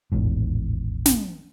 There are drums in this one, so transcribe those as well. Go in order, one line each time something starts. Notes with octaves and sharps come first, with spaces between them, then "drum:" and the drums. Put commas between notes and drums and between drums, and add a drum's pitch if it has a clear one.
D#1 A1 E2 G#2
drum: snare